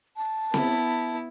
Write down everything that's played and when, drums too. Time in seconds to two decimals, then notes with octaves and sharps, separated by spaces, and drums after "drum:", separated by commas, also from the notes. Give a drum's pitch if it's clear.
0.17 A5
0.54 B3 E4, drum: snare C4